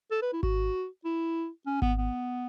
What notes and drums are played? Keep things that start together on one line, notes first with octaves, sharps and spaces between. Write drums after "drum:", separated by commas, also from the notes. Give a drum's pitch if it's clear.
A4
B4
E4
F#4, drum: kick G#1
E4
C#4
B3, drum: kick G#1
B3